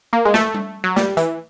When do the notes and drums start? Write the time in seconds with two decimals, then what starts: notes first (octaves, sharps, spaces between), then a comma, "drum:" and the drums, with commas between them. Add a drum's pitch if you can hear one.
0.13 A#3
0.25 G#3
0.34 A3, drum: snare
0.54 drum: tom G3
0.84 F#3
0.96 G3, drum: snare
1.17 E3, drum: hi-hat